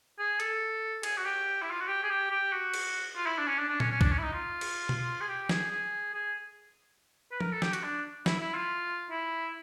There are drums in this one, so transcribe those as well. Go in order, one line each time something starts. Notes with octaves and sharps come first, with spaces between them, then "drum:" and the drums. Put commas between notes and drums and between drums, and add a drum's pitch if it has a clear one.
G#4
A4, drum: hi-hat
G#4, drum: cymbal
F#4
G4
E4
F4
F#4
G4
G#4
G4
G4
F#4
drum: cymbal
F4
E4
D4
C#4
D4
D4
C#4, drum: tom A#2
C#4
D4, drum: kick B1
C#4
E4
D#4
F4
drum: cymbal
drum: tom B2
G#4
G4
G#4, drum: snare
G#4
G#4
B4
A#4, drum: tom F3
A4
G4, drum: snare
F#4, drum: hi-hat
D4
E4, drum: snare
E4
F4
E4